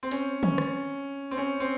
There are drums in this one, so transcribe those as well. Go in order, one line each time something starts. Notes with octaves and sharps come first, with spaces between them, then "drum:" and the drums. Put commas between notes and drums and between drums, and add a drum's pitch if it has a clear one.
C4
C#4, drum: hi-hat
C#4, drum: tom
drum: rim click
C4
C#4
C4